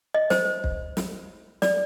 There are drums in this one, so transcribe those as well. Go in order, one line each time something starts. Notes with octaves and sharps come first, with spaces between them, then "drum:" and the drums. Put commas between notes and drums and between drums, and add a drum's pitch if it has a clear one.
D#5
C5, drum: snare
drum: kick
drum: snare
D5, drum: snare